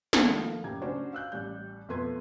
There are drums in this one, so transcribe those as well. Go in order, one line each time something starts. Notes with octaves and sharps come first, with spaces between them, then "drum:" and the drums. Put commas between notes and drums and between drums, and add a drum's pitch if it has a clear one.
drum: snare
D#3 F3 A3 A#3
F#1 A2 G4 A#5 G#6
C#4 D4 F#4 C5
F5 E6 F#6 G6
A1 G3 G6
F2 B2 A3 B4 C6 G#6